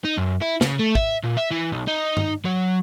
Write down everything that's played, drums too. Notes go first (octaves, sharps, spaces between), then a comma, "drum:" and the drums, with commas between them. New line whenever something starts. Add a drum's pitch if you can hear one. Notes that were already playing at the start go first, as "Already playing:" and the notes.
D#4
F#2
E4
C#3, drum: snare
A3
E5, drum: kick
A#2
E5
E3
B1
D#4
drum: tom G2
F#3